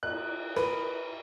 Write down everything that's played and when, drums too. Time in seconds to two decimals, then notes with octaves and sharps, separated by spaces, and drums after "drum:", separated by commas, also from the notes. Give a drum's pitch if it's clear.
0.03 F#6, drum: cymbal
0.56 A#4 B4, drum: rim click